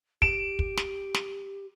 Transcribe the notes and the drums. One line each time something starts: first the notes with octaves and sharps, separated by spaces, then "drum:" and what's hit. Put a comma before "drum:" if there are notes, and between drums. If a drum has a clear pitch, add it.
G4 D7 E7, drum: kick
drum: kick
drum: snare
drum: snare